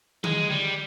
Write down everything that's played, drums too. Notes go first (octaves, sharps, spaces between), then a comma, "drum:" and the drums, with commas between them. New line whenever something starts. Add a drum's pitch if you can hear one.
G#3, drum: tom D3
G3